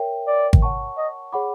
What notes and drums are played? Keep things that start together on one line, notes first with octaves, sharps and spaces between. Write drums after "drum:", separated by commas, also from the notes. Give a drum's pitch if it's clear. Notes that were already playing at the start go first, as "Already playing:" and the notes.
Already playing: A#4 C#5 E5 G5
D5
drum: kick G#1
C#5 F#5 A5 C#6
D#5
G#4 C#5 F#5 B5 D6